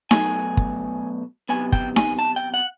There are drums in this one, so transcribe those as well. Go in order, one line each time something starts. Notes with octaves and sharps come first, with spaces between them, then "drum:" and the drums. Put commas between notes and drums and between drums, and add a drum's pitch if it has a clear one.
B2 F#3 A3 G#5, drum: snare D#4
drum: kick
C3 D#3 F#3 B3 G#5
G5, drum: kick
G#5, drum: snare D#4
A5
G5
F#5